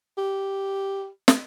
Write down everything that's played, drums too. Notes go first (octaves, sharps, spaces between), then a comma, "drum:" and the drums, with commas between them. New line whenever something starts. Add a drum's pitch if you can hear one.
G4
drum: snare